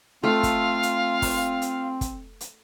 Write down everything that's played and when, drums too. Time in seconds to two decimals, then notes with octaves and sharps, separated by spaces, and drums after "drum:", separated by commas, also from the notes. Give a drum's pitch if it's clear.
0.24 A3 C4 F4 F5
0.43 drum: kick, hi-hat
0.83 drum: hi-hat
1.22 drum: kick, open hi-hat
1.62 drum: hi-hat
2.01 drum: kick, hi-hat
2.41 drum: hi-hat